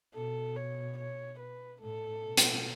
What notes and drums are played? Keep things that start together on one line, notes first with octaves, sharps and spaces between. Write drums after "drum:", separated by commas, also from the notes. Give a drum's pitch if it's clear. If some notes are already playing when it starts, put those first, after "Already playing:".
B2 A4
C#5
C#5
B4
A2 A4
B2
drum: hi-hat